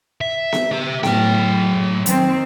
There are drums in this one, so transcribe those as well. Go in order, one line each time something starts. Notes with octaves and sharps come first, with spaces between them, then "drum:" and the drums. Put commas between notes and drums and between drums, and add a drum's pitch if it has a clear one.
E5
drum: snare B3
G4 E5
A2 F#3 G5, drum: snare B3
A2
D#3 C4, drum: hi-hat